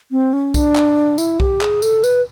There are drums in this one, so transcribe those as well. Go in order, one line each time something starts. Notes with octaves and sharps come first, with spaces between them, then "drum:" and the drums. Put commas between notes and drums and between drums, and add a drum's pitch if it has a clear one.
C4
C#4
D4, drum: kick B1, tambourine
drum: clap
E4, drum: tambourine
G4, drum: kick B1
G#4, drum: clap
A4, drum: tambourine
B4, drum: tambourine